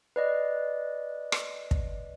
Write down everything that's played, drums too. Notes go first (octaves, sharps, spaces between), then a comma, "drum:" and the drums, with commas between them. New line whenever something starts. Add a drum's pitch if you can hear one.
B4 D5 D#5
drum: rim click
drum: kick